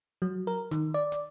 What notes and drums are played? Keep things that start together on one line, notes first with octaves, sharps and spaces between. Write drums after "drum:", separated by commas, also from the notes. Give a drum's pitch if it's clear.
F#3
A#4
D#3, drum: hi-hat
D5
drum: hi-hat